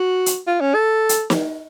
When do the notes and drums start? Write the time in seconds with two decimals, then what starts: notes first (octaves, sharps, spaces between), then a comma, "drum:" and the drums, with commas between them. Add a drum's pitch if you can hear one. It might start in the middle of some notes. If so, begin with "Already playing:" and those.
Already playing: F#4
0.26 drum: hi-hat
0.47 F4
0.61 C#4
0.75 A4
1.09 drum: hi-hat
1.30 drum: snare